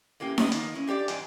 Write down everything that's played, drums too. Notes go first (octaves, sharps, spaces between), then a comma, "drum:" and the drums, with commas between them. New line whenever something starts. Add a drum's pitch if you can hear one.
A2 A#3 C#4 G4
B3 C#4 F#4 B4 D5 D#5, drum: snare D#4
D#3 A#3, drum: hi-hat
C#4 E4
D4 G4 C#5 D5
E2 G#2 G#4, drum: hi-hat